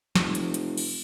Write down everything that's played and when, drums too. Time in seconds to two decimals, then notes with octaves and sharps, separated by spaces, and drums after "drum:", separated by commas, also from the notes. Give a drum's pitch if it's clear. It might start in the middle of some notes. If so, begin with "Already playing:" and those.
0.16 F1, drum: snare
0.35 drum: hi-hat
0.54 drum: hi-hat
0.77 drum: cymbal